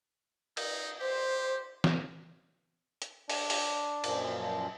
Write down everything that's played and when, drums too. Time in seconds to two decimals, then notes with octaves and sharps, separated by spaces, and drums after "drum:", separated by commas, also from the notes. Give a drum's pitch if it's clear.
0.57 D#4, drum: cymbal
0.99 G4 C5
1.84 drum: snare
3.02 drum: hi-hat
3.30 D4, drum: open hi-hat
3.50 drum: open hi-hat
4.04 F#2 A#2 F3, drum: cymbal